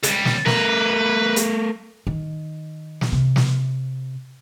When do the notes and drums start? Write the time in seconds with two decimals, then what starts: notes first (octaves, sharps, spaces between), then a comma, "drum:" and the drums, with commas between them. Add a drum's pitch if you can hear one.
0.03 C#2 G3, drum: hi-hat
0.25 drum: snare
0.46 A3 A#4 B4, drum: snare
1.36 drum: hi-hat
2.07 D#3
3.01 drum: snare
3.12 C3
3.36 drum: snare